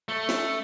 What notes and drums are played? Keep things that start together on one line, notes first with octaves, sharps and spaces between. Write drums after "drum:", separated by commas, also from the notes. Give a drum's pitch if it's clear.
A3
drum: snare